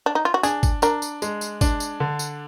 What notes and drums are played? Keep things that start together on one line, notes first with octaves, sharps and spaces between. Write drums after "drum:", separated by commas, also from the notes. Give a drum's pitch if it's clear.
D4
D#4
F4
F#4
D4 G#4, drum: tambourine
drum: kick, tambourine
D4 A#4, drum: tambourine
drum: tambourine
G#3, drum: tambourine
drum: tambourine
D4, drum: kick, tambourine
drum: tambourine
D3
drum: tambourine